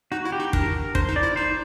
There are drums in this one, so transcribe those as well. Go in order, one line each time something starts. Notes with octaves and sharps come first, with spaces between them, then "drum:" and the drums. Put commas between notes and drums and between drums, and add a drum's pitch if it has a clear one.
D#4 F#4
E4
G4
D#4
D4 A#4, drum: kick
D4 C5, drum: kick
D#4
D5
E4
D#4 C5